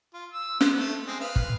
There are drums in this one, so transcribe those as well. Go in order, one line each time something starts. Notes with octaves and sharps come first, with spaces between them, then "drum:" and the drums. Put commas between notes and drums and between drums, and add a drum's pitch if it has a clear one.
F4
E6
B3 C5, drum: snare
A3 A4
G#3 C4
B4 F5
drum: kick